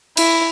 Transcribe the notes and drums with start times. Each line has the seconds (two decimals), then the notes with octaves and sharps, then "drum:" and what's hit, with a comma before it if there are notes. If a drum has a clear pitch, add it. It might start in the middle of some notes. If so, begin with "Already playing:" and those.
0.17 E4, drum: cymbal